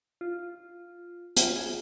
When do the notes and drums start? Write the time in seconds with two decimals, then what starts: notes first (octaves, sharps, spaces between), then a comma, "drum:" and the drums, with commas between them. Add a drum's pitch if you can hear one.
0.21 F4
1.37 F4, drum: hi-hat
1.56 G#4